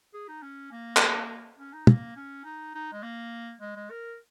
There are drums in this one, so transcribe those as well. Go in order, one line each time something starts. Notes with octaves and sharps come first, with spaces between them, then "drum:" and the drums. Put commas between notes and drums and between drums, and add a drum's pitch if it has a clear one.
G#4
D#4
C#4
A#3
drum: clap
C#4
D#4
A#3, drum: tom
C#4
D#4
D#4
G#3
A#3
G#3
G#3
A#4